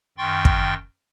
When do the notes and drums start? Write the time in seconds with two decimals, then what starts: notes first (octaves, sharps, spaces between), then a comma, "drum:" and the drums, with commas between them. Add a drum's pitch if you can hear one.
0.18 F#2 D#3 G5 C6 C#6 A6
0.45 drum: kick